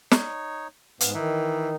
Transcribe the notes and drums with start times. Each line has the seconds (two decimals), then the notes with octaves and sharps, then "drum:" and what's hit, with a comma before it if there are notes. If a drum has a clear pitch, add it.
0.11 D#4 C#5, drum: snare
1.00 G#2 B3 F5, drum: hi-hat
1.14 D#3 E3 D#4